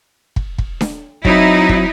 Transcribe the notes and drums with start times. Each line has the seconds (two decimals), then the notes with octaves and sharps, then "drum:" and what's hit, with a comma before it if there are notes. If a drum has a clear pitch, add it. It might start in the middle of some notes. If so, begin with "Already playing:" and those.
0.36 drum: kick
0.58 drum: kick
0.81 drum: snare D4
1.25 F#3 C4 D#4 E4, drum: kick
1.69 drum: kick